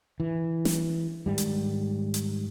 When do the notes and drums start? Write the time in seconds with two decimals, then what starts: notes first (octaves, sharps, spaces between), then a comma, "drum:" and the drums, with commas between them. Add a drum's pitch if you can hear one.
0.20 E3
0.65 drum: snare
1.26 G#2 D#3 G3
1.38 drum: hi-hat
2.14 drum: hi-hat